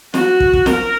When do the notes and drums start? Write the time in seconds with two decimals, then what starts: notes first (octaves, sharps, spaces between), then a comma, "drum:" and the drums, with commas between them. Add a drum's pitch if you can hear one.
0.14 F#4, drum: snare
0.40 drum: kick
0.53 drum: kick
0.66 A#4, drum: snare